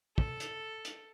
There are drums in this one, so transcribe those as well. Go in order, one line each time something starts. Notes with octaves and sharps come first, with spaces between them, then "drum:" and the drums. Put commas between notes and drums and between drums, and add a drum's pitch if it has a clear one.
A4, drum: kick
drum: hi-hat
drum: hi-hat